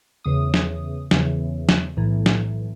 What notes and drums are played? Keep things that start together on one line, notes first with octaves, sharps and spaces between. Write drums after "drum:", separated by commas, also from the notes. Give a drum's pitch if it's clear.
E2 C#3 E3 D#6
drum: snare
E2 C#3 E3, drum: snare
drum: snare
B1 A2 E3
drum: snare